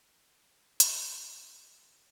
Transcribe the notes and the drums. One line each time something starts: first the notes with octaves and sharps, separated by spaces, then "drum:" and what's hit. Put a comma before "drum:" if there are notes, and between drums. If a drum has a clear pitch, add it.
G3 D#4 G4 G#4 B4
drum: hi-hat